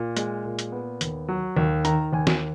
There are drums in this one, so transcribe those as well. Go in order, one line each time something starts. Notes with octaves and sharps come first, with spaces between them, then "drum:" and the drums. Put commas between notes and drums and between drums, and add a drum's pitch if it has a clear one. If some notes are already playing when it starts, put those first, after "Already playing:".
Already playing: A#2
G#3, drum: hi-hat
A#2
drum: hi-hat
B3
D#2, drum: hi-hat
F#3
D#2
D#3 A#5, drum: hi-hat
D#2 G#5
drum: snare